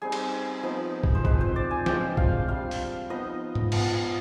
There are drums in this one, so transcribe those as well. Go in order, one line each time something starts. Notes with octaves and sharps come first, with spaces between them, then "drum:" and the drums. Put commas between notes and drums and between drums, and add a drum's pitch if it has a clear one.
G3 C4 D#4 G#4
drum: cymbal
F3 B3 D#4
drum: kick
C5
F3 G#3 C4 B4, drum: kick
C5
D5
G#5
F3 G#3 D4 F4 G5, drum: snare
F5, drum: kick
G3 D4 F4 F5
drum: open hi-hat
F3 B3 D#4 D#5
drum: tom G#2
B3 F4, drum: cymbal